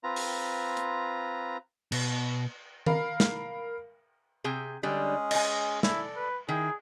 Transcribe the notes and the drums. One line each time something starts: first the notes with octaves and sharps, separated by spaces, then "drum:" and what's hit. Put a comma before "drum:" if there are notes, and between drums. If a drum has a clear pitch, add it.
C4 F4 B4 A#5
drum: open hi-hat
drum: hi-hat
B2, drum: cymbal
A#4 F5 B5, drum: tom D#3
drum: snare
C3 G#4 G5
D3 G3 G#3 C#4 G#4
D#5 G#5, drum: cymbal
E4 A4 D5, drum: snare
B4
D#3 E4 G#4 G5